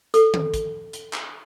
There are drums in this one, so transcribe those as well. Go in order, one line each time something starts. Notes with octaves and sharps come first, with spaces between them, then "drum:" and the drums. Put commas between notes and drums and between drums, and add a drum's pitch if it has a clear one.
A4, drum: hi-hat
drum: tom D#3
drum: kick, hi-hat
drum: hi-hat
drum: clap